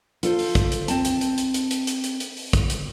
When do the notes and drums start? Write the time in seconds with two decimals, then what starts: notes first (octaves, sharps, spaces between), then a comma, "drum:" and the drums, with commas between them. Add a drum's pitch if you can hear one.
0.23 F4 A4 C5, drum: hi-hat
0.39 drum: open hi-hat
0.55 drum: kick, hi-hat
0.72 drum: hi-hat
0.88 C4 A5, drum: hi-hat
1.05 drum: hi-hat
1.21 drum: hi-hat
1.38 drum: hi-hat
1.54 drum: hi-hat
1.71 drum: hi-hat
1.87 drum: hi-hat
2.04 drum: hi-hat
2.20 drum: hi-hat
2.37 drum: open hi-hat
2.53 drum: kick, hi-hat
2.70 drum: hi-hat